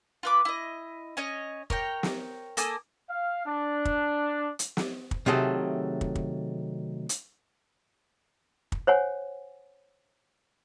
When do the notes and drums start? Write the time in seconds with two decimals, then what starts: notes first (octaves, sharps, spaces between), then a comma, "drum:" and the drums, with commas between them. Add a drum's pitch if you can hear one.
0.23 F4 B4 D6
0.45 E4 D#5
1.17 C#4 C#5 D#5
1.70 A#4 C#5 G5, drum: kick
2.03 drum: snare
2.57 A#3 A4 G#5 D#6, drum: hi-hat
3.09 F5
3.45 D4
3.85 drum: kick
4.59 drum: hi-hat
4.77 drum: snare
5.11 drum: kick
5.26 C3 D#3 F#3 A3 G#4 A4
6.01 drum: kick
6.15 drum: kick
7.09 drum: hi-hat
8.72 drum: kick
8.87 C5 C#5 F#5 G#5